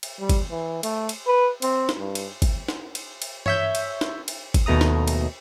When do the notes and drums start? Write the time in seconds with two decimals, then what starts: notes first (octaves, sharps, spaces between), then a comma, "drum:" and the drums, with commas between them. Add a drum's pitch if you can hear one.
0.03 drum: cymbal
0.20 G3
0.29 drum: kick, cymbal
0.50 E3
0.83 A3, drum: cymbal
1.09 drum: cymbal
1.27 B4
1.62 C4, drum: cymbal
1.89 drum: snare
1.98 G2
2.15 drum: cymbal
2.42 drum: kick, cymbal
2.69 drum: snare
2.95 drum: cymbal
3.22 drum: cymbal
3.46 C#5 E5 G6, drum: tom G2
3.75 drum: cymbal
4.01 drum: snare
4.28 drum: cymbal
4.54 drum: kick, cymbal
4.66 D#2 B2 A3 A#5 D#6
4.81 drum: snare
5.08 drum: cymbal